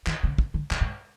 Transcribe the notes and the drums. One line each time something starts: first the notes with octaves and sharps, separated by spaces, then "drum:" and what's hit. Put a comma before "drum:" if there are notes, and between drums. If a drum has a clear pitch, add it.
D#3, drum: clap
C#3
C#3, drum: kick
D3
C#3, drum: clap
G#2